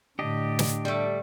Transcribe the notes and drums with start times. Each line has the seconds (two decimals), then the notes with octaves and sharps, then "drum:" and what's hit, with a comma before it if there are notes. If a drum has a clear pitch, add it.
0.19 A2 D3 D4 G4 D#5
0.59 drum: snare
0.85 G3 A3